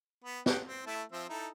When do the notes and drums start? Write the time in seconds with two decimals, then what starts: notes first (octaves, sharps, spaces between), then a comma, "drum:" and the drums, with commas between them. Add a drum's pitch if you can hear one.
0.24 B3
0.46 F#5 G5, drum: snare
0.66 C4
0.86 A3 E4 A5
1.12 F3 C4 E5
1.29 D#4 E4 A4